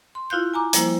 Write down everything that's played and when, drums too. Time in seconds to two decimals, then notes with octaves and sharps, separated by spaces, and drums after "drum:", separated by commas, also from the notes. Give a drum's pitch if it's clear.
0.15 C6
0.30 E4 F4 F5 F#6 G6
0.54 G#5 A#5 D6
0.73 F3 G3 A#3 E4 C5, drum: hi-hat